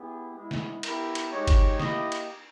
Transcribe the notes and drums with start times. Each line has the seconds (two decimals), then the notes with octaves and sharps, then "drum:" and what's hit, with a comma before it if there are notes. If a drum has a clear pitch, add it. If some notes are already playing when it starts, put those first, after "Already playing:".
Already playing: B3 E4 G4 G#4
0.35 G#3 B3 E4
0.51 drum: snare
0.83 B3 E4 G4 A#4, drum: cymbal
1.15 drum: cymbal
1.31 G#3 D#4 G4 C#5
1.48 drum: kick G1, cymbal
1.80 A#3 E4 G4 D#5, drum: snare
2.12 drum: cymbal